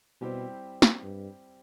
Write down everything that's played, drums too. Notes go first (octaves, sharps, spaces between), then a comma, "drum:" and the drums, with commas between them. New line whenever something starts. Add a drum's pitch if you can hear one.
B2 G3 C4 E4 G4 C5
drum: snare
G2